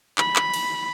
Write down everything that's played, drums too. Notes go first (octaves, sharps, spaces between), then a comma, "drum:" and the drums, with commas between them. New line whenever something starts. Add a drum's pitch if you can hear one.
B5, drum: clap
drum: clap
drum: cymbal